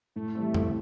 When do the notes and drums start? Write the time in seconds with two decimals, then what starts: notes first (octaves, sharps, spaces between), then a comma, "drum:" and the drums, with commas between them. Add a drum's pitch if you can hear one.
0.16 A2 A3
0.35 E3 G3 C4
0.54 A2, drum: tom F2